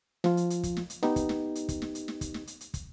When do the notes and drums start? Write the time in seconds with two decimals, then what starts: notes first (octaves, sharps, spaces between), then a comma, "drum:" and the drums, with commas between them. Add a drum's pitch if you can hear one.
0.24 F3 F4, drum: snare
0.37 drum: hi-hat
0.50 drum: hi-hat
0.63 drum: kick, hi-hat
0.77 drum: snare
0.90 drum: hi-hat
1.03 B3 D#4 G4, drum: snare
1.16 drum: kick, hi-hat
1.29 drum: snare
1.55 drum: hi-hat
1.69 drum: kick, hi-hat
1.82 drum: snare
1.95 drum: hi-hat
2.08 drum: snare
2.21 drum: kick, hi-hat
2.34 drum: snare
2.47 drum: hi-hat
2.61 drum: hi-hat
2.74 drum: kick, hi-hat